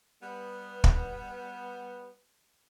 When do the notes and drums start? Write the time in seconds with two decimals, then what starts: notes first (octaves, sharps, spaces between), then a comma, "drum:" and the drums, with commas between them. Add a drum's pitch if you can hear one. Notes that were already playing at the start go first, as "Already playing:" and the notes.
0.23 G3 B3
0.84 drum: kick